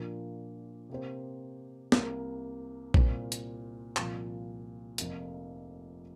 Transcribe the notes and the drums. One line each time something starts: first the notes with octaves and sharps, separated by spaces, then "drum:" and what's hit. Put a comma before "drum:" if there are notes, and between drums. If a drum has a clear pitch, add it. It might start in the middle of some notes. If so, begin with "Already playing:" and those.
Already playing: A#2 F3 A#3 D4
C3 A#3 G4 C5
C2 C3 A#3, drum: snare
C2 A#2 A#3 F4 C5, drum: kick A#1
drum: hi-hat
C2 A#2 F3, drum: clap
F1 F2 F3 A#3, drum: hi-hat